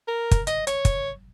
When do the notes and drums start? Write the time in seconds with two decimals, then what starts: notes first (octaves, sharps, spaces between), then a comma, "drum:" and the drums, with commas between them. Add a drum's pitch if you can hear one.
0.08 A#4
0.31 drum: kick, hi-hat
0.47 D#5, drum: hi-hat
0.67 C#5, drum: hi-hat
0.85 drum: kick, hi-hat